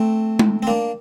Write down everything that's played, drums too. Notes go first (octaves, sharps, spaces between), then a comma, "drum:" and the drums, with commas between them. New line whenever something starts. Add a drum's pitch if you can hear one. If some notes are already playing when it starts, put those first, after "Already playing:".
Already playing: A3 C4
drum: tom G#3
C4
A#3 D4